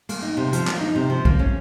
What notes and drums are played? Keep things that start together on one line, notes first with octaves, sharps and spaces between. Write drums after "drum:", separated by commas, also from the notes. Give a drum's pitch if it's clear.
A#3, drum: cymbal
D#4
C3
F3, drum: hi-hat
A#3, drum: clap
D#4
C3
F3
A#3, drum: kick
C#4